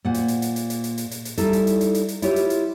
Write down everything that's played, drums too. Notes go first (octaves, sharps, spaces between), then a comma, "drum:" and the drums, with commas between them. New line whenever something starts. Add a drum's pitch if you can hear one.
A#2 C5 F#5
drum: hi-hat
drum: hi-hat
drum: hi-hat
drum: hi-hat
drum: hi-hat
drum: hi-hat
drum: hi-hat
drum: hi-hat
drum: hi-hat
G3 D#4 E4 A4, drum: hi-hat
drum: hi-hat
drum: hi-hat
drum: hi-hat
drum: hi-hat
drum: hi-hat
E4 F4 G4 C#5, drum: hi-hat
drum: hi-hat
drum: hi-hat